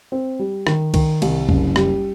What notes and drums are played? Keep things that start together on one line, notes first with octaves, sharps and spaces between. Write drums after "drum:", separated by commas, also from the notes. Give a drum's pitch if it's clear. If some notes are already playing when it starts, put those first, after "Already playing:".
C4
G3
D#3, drum: rim click
D#3, drum: kick C2, cymbal
C2, drum: cymbal
F#1, drum: kick C2
G3, drum: rim click